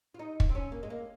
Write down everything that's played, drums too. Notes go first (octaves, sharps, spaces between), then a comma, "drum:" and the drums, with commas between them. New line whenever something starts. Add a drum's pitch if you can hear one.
F4
D#4
drum: kick
C4
C#4
A#3
G#3
A#3